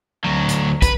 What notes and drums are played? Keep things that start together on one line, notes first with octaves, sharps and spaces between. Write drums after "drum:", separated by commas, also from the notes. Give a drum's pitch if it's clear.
D2 F#3
drum: hi-hat
B4, drum: kick, hi-hat